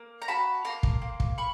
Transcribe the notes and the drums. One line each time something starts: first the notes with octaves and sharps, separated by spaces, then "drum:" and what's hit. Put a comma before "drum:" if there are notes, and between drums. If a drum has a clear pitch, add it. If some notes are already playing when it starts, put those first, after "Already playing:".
Already playing: A#3
A#5
F#4 A5 B5
A#3 A#5 C6
drum: kick
A#3
drum: kick
B5 C#6